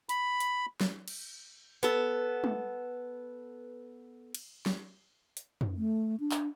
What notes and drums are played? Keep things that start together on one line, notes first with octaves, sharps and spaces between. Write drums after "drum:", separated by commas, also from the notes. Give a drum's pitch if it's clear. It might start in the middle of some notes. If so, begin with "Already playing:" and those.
B5, drum: hi-hat
drum: hi-hat
drum: snare
drum: cymbal
B3 A4, drum: hi-hat
drum: tom
drum: cymbal
drum: snare
drum: hi-hat
drum: tom
A3
D4
drum: clap